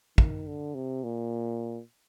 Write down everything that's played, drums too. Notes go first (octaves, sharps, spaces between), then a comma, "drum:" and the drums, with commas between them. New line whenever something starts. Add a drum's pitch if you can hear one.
D#3, drum: kick
D3
C3
A#2